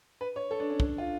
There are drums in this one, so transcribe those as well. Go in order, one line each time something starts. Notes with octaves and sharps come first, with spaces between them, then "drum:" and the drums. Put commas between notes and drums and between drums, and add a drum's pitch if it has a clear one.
B4
C#5
A4
D4
C#4
D4, drum: kick
F4